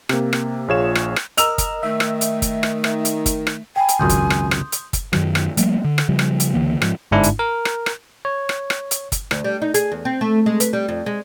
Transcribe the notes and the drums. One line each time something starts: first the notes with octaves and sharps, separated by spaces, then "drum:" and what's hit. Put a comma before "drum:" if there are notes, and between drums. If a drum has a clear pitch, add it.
C3 A#3, drum: rim click
drum: rim click
A#1 F4 G#4 C#5 F5 E7
drum: rim click
drum: rim click
A#4 D#5 E6 F7, drum: hi-hat
drum: kick, hi-hat
D#3 A3 E5
drum: rim click
drum: hi-hat
drum: kick, hi-hat
drum: rim click
drum: rim click
drum: hi-hat
drum: kick, hi-hat
drum: rim click
G5 G#5 B5
drum: hi-hat
G#1 C#2 F#2 C6 D#6 G6
drum: kick, hi-hat
drum: rim click
drum: rim click
drum: hi-hat
drum: kick, hi-hat
F#2 D#3 F#3, drum: rim click
drum: rim click
F3 G3 A3 A#3, drum: hi-hat
D3
drum: rim click
C#3 F3 G3
drum: rim click
drum: hi-hat
C#2 D3 E3 A#3
G#2 F3, drum: rim click
G1 G#2 D4 E4
drum: hi-hat
A#4
drum: rim click
drum: rim click
C#5
drum: rim click
drum: rim click
drum: hi-hat
drum: kick, hi-hat
D2, drum: rim click
G3
D#4
G#4, drum: hi-hat
E2
C4
A3
G#3
B4, drum: hi-hat
G3
F2
G#3